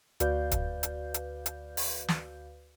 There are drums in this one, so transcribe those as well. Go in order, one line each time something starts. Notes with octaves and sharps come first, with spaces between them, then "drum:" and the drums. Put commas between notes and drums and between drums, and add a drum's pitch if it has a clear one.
D2 F#4 B4 D5 F5 G6, drum: hi-hat
drum: kick, hi-hat
drum: hi-hat
drum: hi-hat
drum: hi-hat
drum: open hi-hat
drum: snare